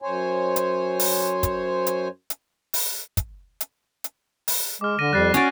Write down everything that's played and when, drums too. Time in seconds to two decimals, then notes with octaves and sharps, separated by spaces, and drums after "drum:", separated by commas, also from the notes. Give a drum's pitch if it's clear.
0.02 F#2 C5 C#5 G#5
0.56 drum: hi-hat
0.99 drum: open hi-hat
1.43 drum: kick, hi-hat
1.87 drum: hi-hat
2.30 drum: hi-hat
2.74 drum: open hi-hat
3.17 drum: kick, hi-hat
3.61 drum: hi-hat
4.04 drum: hi-hat
4.48 drum: open hi-hat
4.81 G#3 D6 F6
4.99 D3 A#6 D#7
5.13 F2 G3 F#6 A6 C7
5.34 C#4 F#4 D5, drum: hi-hat